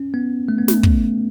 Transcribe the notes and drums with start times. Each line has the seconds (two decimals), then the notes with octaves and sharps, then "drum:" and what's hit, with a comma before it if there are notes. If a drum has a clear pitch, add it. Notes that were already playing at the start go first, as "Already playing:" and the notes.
Already playing: C#4
0.14 B3
0.49 A3
0.59 B3
0.68 A3, drum: snare
0.83 drum: kick